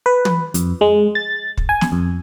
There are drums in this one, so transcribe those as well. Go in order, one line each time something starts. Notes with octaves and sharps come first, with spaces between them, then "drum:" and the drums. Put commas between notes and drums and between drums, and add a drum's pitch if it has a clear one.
B4
drum: tom
F2, drum: hi-hat
G#3
A6
drum: kick
G#5
drum: snare
F2